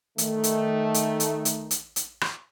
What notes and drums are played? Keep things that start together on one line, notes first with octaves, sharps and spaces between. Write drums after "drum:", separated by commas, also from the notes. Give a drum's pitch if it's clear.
D#3 A3, drum: hi-hat
drum: hi-hat
drum: hi-hat
drum: hi-hat
drum: hi-hat
drum: hi-hat
drum: hi-hat
drum: rim click